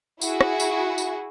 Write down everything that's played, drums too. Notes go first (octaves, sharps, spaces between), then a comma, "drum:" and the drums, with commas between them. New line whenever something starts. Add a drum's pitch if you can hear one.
E4 F#4 G#4, drum: tambourine
drum: rim click
drum: tambourine
drum: tambourine